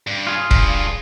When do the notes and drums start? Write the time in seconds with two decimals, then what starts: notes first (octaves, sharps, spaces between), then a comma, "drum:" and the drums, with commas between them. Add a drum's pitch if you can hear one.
0.07 G2
0.27 F4 G#4
0.51 G2, drum: kick